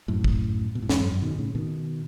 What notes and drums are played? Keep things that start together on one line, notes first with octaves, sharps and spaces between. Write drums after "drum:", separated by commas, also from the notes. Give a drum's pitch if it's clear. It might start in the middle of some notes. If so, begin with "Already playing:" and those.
F#2 A2
drum: kick
B2
A2
E2 G#2, drum: snare
F#2
F#2
B2 D#3
A2 C#3
B2 D#3